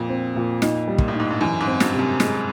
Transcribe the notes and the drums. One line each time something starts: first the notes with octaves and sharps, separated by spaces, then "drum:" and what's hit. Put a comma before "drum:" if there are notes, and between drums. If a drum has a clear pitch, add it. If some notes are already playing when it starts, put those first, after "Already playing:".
Already playing: F2 A#2
C4
A#2
D#4, drum: snare
G3
A#2, drum: kick
A2
D#4
G#2
G2
F#2 E3
G#2
C4
G2, drum: snare
C3
F#2
G#3, drum: snare